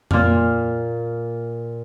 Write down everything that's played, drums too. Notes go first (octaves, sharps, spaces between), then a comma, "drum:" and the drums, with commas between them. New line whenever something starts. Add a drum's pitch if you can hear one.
A#2 F6, drum: tom F2